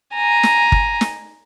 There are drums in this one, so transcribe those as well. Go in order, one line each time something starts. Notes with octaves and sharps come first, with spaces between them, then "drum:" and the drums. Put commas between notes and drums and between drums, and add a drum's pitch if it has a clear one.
G#5 A#5
drum: snare
drum: kick G1
drum: snare